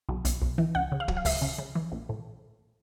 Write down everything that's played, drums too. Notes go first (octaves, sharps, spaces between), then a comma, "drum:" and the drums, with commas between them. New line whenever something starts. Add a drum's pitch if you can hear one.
B1
B1, drum: hi-hat
B1
E3
C#2 F#5
C#3
F5
F#3, drum: kick
F5
C#2 E5, drum: open hi-hat
C#3
C#3
E3
A#1
A2